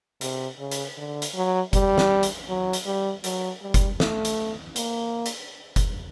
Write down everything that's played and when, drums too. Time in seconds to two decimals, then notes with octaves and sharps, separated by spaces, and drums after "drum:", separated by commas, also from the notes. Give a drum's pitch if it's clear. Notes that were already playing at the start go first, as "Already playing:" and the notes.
0.21 C3, drum: hi-hat
0.59 C#3
0.72 drum: hi-hat
0.97 D3
1.22 drum: hi-hat
1.35 F#3
1.73 G3, drum: kick F#1, hi-hat
1.98 drum: snare
2.23 drum: hi-hat
2.48 F#3
2.73 drum: hi-hat
2.86 G3
3.24 F#3, drum: hi-hat
3.62 G3
3.74 drum: kick F#1, hi-hat
4.00 A3, drum: snare
4.25 drum: hi-hat
4.76 A#3, drum: hi-hat
5.26 drum: hi-hat
5.76 drum: kick F#1, hi-hat